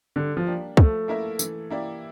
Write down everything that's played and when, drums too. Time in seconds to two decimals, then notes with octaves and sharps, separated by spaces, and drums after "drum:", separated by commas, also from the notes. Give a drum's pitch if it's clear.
0.16 D3 G3
0.37 F3
0.47 A#3 D4 G4
0.77 F3 A3, drum: kick
1.08 A#3 E4 A#4 E5
1.39 E3, drum: tambourine
1.70 A#3 E4 G4 D5